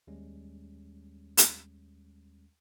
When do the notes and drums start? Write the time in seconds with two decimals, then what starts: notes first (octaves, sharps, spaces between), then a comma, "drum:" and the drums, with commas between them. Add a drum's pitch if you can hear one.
0.07 D#2 G3 G#3 C#4
1.37 drum: hi-hat